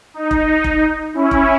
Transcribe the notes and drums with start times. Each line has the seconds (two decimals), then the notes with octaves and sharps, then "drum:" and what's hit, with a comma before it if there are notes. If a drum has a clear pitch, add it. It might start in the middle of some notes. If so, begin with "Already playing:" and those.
0.14 D#4
0.31 drum: kick E1
0.64 drum: kick E1
1.14 C#4 E4
1.31 drum: kick E1